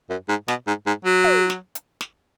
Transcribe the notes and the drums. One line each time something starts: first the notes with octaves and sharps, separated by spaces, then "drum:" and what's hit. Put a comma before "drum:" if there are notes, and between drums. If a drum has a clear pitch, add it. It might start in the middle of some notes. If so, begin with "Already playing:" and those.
F#2
G#2
B2, drum: snare
G#2
G#2
F#3
drum: tom
drum: snare
drum: hi-hat
drum: snare